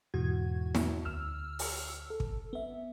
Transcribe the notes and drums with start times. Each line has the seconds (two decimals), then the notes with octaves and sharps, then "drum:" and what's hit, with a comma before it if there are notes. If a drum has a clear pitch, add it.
0.14 E2 G#2 B2 E3 F#4 G#6
0.75 drum: snare
1.05 D2 E6 F6
1.59 drum: open hi-hat
2.10 A4
2.20 drum: kick
2.53 B3 E5